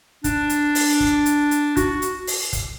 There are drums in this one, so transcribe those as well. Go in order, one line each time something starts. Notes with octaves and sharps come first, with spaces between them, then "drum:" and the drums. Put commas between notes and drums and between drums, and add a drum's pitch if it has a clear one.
D4, drum: kick, hi-hat
drum: hi-hat
drum: open hi-hat
drum: kick
drum: hi-hat
drum: hi-hat
F#4, drum: kick, hi-hat
drum: hi-hat
drum: open hi-hat
drum: kick, hi-hat